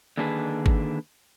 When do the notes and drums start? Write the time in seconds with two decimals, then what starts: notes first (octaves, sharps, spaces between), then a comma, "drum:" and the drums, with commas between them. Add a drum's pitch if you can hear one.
0.18 D3 D#3 A#3 D4 G#4 B4
0.66 drum: kick G1